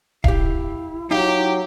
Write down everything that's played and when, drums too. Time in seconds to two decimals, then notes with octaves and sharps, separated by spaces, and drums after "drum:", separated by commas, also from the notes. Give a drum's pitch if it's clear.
0.24 E4 G4 F5, drum: kick D1
1.11 F#3 D#4 G4 F5